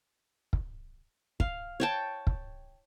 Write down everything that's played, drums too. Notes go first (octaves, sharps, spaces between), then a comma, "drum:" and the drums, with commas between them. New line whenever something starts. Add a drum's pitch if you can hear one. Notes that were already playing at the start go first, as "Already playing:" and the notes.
drum: kick
F5, drum: kick
C#5 G5 A5
drum: kick